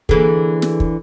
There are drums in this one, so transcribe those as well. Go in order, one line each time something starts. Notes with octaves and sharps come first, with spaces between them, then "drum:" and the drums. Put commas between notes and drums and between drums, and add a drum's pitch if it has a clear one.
D3 E3 A#3 G#4 A4, drum: kick
drum: snare
drum: kick